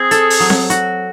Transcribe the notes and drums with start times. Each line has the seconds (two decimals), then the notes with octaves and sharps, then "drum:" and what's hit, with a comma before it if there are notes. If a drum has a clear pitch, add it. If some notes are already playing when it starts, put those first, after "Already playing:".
Already playing: C4 G#4
0.11 A4, drum: hi-hat
0.30 drum: open hi-hat
0.40 F#3
0.50 drum: snare C4
0.70 F#4, drum: hi-hat